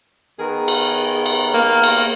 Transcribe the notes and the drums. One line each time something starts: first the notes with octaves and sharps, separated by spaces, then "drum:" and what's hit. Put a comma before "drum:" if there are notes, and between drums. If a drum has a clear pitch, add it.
D#3 B3 G#4 A#4
drum: cymbal
drum: cymbal
A#3
drum: cymbal